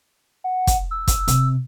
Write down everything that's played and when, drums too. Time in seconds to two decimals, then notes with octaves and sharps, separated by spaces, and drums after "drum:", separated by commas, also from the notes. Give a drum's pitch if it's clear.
0.44 F#5
0.67 drum: kick, hi-hat
0.91 E6
1.08 drum: kick, hi-hat
1.28 C3, drum: hi-hat